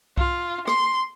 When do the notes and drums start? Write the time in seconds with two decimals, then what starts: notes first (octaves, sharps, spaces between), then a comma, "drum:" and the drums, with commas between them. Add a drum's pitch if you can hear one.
0.18 F4, drum: kick C2
0.67 C6, drum: rim click